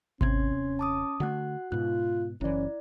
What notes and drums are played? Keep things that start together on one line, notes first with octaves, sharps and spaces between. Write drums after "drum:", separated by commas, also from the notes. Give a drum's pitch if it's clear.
D#1 C3 C4 C#4 C6 G#6, drum: kick G#1
A5 D6 D#6
D3 A3 F#4 F#5 F#6
G#2 B2 F4 F#6
F#1 E3 C#4 E4 D5